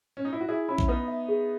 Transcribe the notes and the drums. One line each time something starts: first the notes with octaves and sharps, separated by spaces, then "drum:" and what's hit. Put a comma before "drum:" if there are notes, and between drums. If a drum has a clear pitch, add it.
C#4
D#4
E4
F#4
E4 G#4 E5
C#4 E4 B5
drum: kick A#1
B3 D#4 B4
E5
G#4